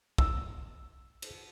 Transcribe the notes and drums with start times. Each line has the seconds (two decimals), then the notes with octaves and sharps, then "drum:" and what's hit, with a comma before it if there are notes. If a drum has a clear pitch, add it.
0.18 E6, drum: kick
1.22 drum: cymbal